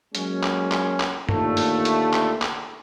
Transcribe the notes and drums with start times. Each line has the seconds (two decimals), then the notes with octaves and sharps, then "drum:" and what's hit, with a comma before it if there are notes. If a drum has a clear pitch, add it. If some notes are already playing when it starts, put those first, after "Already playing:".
0.15 F#3 G#3 A#3 C#4, drum: hi-hat
0.44 drum: clap
0.72 drum: clap
1.00 drum: clap
1.29 D#2 A#2 D3 A3, drum: tom
1.57 drum: open hi-hat
1.85 drum: hi-hat
2.14 drum: clap
2.42 drum: clap